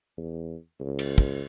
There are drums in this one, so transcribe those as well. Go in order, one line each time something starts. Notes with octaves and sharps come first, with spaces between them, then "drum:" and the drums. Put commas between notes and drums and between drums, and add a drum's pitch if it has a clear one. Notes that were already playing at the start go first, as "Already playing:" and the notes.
E2
C#2
drum: cymbal
drum: kick